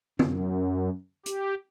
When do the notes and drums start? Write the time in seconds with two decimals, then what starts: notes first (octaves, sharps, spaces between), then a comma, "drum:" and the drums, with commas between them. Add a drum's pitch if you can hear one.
0.19 F#2, drum: tom
1.26 G4, drum: hi-hat